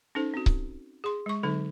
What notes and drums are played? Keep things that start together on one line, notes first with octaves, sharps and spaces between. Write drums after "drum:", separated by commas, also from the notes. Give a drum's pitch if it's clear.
C#4 D#4 A4 C5
C4 F#4
drum: kick C#1
G#4 C6
G#3 C#6
D3 F#3 C4 D#4 A4